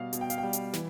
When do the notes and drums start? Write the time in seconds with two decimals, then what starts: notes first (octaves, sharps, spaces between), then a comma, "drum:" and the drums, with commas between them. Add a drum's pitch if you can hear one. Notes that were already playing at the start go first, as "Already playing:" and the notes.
Already playing: B2 G3 F5
0.13 B2, drum: hi-hat
0.21 G5
0.30 F5, drum: hi-hat
0.38 G5
0.43 G3
0.53 drum: hi-hat
0.73 E3, drum: snare